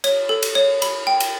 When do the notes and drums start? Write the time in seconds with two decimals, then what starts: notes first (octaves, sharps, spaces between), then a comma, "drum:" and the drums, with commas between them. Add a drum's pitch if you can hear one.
0.04 C#5, drum: cymbal
0.29 A4
0.43 drum: cymbal
0.55 C#5
0.82 B5, drum: cymbal
1.07 G5
1.20 drum: cymbal